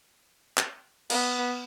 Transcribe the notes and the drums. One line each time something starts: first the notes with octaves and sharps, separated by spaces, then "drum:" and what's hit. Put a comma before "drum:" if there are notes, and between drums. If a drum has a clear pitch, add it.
drum: clap
B3, drum: cymbal